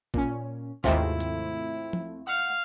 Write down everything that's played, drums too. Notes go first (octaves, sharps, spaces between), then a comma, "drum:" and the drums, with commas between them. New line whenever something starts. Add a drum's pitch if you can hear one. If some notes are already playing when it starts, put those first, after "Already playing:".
A#2 C#4, drum: kick A1
D#2 G#2 C3 A3 C4 E4 F4, drum: kick A1
drum: hi-hat
drum: tom
F5 F#5